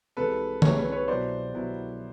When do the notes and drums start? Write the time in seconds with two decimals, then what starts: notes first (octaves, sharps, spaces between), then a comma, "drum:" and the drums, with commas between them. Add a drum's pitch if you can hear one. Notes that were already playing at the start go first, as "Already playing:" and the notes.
0.17 C2 C3 E3 G#3 A4 B4
0.62 C2 C3 E3 G#3 B4 C#5, drum: tom D3
0.78 B4 C#5
0.92 B4 C#5
1.08 B2 F#3 B3 E4 C5 D5
1.53 B2 F#3 B3 E4